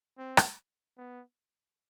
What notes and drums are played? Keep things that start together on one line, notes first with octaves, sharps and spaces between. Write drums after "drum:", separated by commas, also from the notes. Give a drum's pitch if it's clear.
C4
drum: rim click
B3